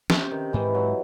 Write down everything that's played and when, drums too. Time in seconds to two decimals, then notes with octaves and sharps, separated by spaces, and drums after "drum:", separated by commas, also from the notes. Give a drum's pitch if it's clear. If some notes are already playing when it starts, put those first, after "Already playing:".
0.10 C3 C#4, drum: snare
0.31 D#3
0.53 G#2 E3
0.75 F#3